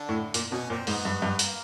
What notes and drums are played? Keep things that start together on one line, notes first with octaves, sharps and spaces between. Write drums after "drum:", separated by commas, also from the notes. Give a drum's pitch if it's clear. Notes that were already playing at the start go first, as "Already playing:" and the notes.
Already playing: D3 D4
A2
A#2, drum: hi-hat
B2 C#4
A#2 C4
G#2 B3, drum: open hi-hat
G2
G2
A#3, drum: hi-hat